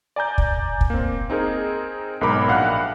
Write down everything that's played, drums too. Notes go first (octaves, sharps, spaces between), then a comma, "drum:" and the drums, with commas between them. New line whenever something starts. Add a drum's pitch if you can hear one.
D5 G#5 A#5 G6
drum: kick
drum: kick
A#3 C4
C4 D#4 G#4 A#4
B1 G#2 A#4 B5 D6
A#1 F5 F#5 B5 F#6